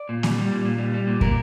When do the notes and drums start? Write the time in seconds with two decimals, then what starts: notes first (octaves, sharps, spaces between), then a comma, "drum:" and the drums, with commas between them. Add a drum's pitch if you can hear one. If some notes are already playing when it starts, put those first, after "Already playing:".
Already playing: D5
0.09 A#2
0.23 G3, drum: snare A#3
0.37 G3
0.51 A#2
0.65 A#2
0.78 G3
0.94 G3
1.07 A#2
1.21 A#2 A#4, drum: kick